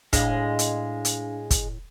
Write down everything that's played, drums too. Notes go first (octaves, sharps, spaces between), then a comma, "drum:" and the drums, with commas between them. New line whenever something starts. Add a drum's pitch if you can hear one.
A2 G#3 D4 F5, drum: kick, hi-hat
drum: hi-hat
drum: hi-hat
drum: kick, hi-hat